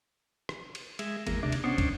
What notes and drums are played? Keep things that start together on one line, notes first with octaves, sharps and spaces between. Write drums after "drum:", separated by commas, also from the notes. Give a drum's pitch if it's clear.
drum: rim click
drum: cymbal
G#3 E5, drum: cymbal
G#1 E2 G#3 A#3, drum: cymbal
D2 C3 D4
drum: cymbal
B3 C#4 D4 C5
drum: kick, cymbal